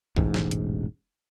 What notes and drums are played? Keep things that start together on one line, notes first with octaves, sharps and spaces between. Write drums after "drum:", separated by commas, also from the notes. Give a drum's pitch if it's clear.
E1 A1 G#2, drum: kick B1
drum: snare
drum: hi-hat